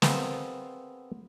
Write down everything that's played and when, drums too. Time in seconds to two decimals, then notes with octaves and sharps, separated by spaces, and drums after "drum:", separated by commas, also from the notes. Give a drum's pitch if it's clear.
0.02 B3 C4 G#4 A#4 D#5 F5, drum: snare